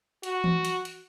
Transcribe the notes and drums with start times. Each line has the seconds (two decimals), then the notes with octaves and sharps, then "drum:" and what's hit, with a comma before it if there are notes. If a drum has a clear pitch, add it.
0.23 F#4, drum: hi-hat
0.44 drum: tom E3
0.65 drum: hi-hat
0.85 drum: hi-hat